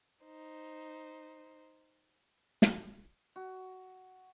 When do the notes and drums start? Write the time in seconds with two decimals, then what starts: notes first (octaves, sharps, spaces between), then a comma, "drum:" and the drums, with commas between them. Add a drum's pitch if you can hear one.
0.25 D#4 C5
2.62 drum: snare
3.36 F#4